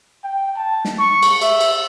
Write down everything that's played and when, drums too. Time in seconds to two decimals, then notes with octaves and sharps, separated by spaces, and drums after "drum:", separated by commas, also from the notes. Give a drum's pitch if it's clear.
0.24 G5
0.57 A5
0.85 drum: snare
0.99 C#6
1.23 drum: cymbal
1.42 E5, drum: cymbal
1.60 drum: cymbal